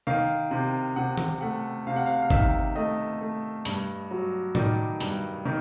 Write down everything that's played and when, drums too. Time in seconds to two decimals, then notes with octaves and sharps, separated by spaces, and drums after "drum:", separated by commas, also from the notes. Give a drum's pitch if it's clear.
0.07 D#3 F5
0.51 C3
0.96 C3 F#5
1.18 drum: tom D#3
1.41 A3 F#5
1.87 C3 F5
1.96 F#5
2.06 F5
2.22 F5
2.30 D#3 E5, drum: kick G1
2.76 A3 D#5
3.21 A3
3.65 G2, drum: hi-hat
4.11 F#3
4.55 D#3 D5, drum: tom A2
5.00 G2, drum: hi-hat
5.45 D#3